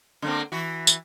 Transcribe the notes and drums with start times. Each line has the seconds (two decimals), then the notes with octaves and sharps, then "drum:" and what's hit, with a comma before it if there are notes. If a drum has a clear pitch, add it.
0.22 D3 A#3 C4
0.52 E3 F#4
0.87 drum: tambourine